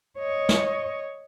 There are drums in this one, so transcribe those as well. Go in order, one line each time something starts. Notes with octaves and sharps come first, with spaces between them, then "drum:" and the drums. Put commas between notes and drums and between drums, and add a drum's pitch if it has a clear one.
C#5 D#5
drum: snare